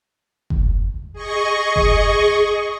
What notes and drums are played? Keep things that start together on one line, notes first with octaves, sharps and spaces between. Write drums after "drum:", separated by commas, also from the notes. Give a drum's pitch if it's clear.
drum: kick F#1
G#4 D#5 C#6
drum: kick F#1